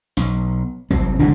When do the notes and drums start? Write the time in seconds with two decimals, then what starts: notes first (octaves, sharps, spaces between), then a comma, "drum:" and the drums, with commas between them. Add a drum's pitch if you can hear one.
0.17 B1, drum: snare
0.91 C2 F#3 C4, drum: kick
1.19 F1 C#2 G#2 D3